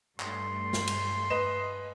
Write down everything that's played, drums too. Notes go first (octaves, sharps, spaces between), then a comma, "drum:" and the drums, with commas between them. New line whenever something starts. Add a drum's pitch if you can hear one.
G2 A3 C6, drum: clap
drum: snare
drum: cymbal
B4 D#5 E7